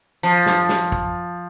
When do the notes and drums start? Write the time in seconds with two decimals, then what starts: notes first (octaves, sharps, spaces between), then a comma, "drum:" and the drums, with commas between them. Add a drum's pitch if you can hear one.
0.23 F3
0.46 drum: snare
0.69 drum: snare
0.92 drum: kick